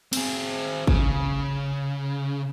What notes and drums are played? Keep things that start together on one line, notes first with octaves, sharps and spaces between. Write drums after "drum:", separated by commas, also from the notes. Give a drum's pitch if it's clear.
C4 G#4, drum: cymbal
C#3, drum: kick G1